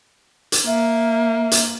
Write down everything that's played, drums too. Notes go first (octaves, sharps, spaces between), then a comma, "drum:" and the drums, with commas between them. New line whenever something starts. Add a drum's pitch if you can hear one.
drum: hi-hat
A#3 E5
drum: hi-hat